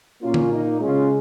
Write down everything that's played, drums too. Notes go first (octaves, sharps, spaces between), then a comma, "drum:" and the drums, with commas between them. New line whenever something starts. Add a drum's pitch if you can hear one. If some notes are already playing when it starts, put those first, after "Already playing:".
A#2 A#3 C#4 F4
drum: tom D3
D#4
C#3 G#3 C#4 F4